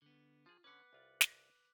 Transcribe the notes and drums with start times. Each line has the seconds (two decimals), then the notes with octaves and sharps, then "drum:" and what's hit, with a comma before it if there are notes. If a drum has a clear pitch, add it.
0.02 D3 B3
0.46 F3 F4 G#4
0.64 D3 C#4 B4 F#5 D6 F#6 B6
0.93 C2 F4 D5
1.21 drum: snare